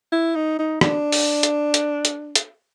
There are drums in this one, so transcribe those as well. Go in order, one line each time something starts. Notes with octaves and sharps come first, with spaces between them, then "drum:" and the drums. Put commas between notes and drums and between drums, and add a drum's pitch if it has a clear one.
E4
D#4
D#4
D4, drum: rim click
drum: open hi-hat
drum: hi-hat
drum: hi-hat
drum: hi-hat
drum: hi-hat